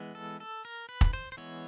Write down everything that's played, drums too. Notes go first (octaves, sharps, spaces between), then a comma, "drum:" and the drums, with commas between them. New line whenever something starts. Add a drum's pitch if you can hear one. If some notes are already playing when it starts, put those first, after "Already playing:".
Already playing: E3 G#3 B3
A4
A4
A#4
B4
drum: kick
C5
C5
E3 G#3 B3 C#5